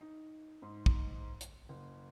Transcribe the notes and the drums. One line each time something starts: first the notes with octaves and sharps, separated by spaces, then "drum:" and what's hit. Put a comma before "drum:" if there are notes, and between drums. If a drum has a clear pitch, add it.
D#4
G#2
drum: kick
drum: hi-hat
F#1